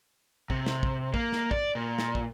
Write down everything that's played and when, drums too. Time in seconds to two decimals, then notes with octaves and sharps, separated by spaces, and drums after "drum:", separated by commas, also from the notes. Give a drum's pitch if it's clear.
0.50 C3, drum: kick
0.66 drum: snare
0.83 drum: kick
1.14 A#3, drum: kick
1.32 drum: snare
1.51 D5, drum: kick
1.75 A#2
1.98 drum: snare
2.15 drum: kick